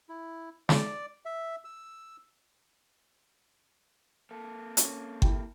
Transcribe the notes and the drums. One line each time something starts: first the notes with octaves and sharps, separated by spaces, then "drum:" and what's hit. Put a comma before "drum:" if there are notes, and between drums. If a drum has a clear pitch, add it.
E4
D5, drum: snare
E5
E6
A#3 A4
C#4 C#5, drum: hi-hat
E4 G4 G5, drum: kick G1